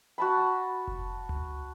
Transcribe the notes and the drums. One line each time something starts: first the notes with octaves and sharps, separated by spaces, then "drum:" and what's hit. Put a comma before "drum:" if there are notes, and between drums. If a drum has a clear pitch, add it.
F#4 A5 B5
drum: kick F1
drum: tom C#2